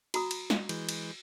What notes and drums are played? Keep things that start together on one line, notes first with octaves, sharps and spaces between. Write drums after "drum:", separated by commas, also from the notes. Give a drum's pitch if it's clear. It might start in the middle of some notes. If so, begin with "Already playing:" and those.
F#4 A#5 D#6, drum: cymbal
drum: cymbal
drum: snare
E3 G#3 G6, drum: cymbal
drum: cymbal